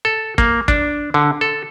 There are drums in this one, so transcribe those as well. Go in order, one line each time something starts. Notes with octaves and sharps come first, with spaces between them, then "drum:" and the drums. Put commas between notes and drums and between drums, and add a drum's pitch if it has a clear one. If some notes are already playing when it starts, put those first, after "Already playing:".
A4
A#3, drum: kick
D4, drum: kick
D3
A4